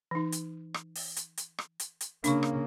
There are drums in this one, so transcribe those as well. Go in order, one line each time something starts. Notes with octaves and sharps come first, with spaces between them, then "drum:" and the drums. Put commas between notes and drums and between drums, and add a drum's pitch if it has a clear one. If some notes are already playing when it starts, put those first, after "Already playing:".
E3 D#4
drum: hi-hat
drum: rim click
drum: open hi-hat
drum: hi-hat
drum: hi-hat
drum: rim click
drum: hi-hat
drum: hi-hat
C#3 A#3 D4 B5 C#6, drum: hi-hat
drum: rim click